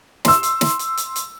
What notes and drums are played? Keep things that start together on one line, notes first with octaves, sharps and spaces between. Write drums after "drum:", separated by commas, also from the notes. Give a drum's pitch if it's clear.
C6 E6, drum: snare
drum: hi-hat
drum: snare
drum: hi-hat
drum: hi-hat
drum: hi-hat